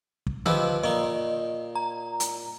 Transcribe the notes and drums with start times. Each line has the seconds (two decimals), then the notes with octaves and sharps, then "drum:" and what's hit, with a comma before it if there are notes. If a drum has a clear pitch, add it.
0.27 drum: kick
0.46 F3 G4 B4 D#5 E6, drum: tom D3
0.84 A#2 D#4 D#5
1.75 A#5
2.20 drum: hi-hat